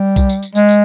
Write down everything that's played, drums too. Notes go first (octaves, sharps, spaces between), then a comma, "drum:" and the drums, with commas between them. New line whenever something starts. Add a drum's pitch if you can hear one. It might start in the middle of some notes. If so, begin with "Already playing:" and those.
Already playing: G3
drum: kick, tambourine
drum: tambourine
drum: tambourine
G#3, drum: tambourine
drum: tambourine